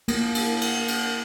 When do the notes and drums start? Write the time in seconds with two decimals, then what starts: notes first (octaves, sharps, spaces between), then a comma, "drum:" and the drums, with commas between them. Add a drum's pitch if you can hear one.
0.08 A#3, drum: cymbal
0.35 drum: cymbal
0.61 drum: cymbal
0.88 drum: cymbal